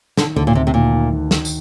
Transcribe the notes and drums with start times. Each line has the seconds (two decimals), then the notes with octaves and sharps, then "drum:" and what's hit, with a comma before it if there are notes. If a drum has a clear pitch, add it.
0.17 D3 D#3, drum: snare
0.36 D2 D3
0.47 A#2
0.55 D2 C3
0.67 C3
0.74 A#2 D#3
0.94 D#3
1.12 D#3
1.31 D#3, drum: snare
1.45 drum: tambourine